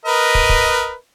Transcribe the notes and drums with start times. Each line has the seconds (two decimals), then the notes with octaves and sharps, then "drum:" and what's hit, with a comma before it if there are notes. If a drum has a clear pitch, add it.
0.05 A#4 B4 D#5
0.35 drum: kick
0.49 drum: kick